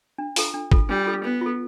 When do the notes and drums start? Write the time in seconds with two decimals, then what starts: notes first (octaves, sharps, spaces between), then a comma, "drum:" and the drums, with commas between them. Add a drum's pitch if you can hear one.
0.18 D4
0.36 F4 A4, drum: open hi-hat
0.54 D4
0.72 F4 A4, drum: kick
0.89 G3 D4
1.06 F4 A4
1.24 B3 D4
1.41 F4 A4